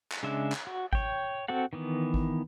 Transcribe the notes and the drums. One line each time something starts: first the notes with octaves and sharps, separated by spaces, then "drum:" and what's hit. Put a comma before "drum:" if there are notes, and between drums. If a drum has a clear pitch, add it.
drum: clap
C#3 G#3 D4 E5
drum: clap
F#4
C#5 G5, drum: kick G#1
C4 F#4 A4 F#5
D#3 E3 B3
drum: kick G#1